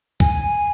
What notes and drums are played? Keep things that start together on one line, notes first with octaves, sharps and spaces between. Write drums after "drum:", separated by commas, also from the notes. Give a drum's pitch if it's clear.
G#5, drum: kick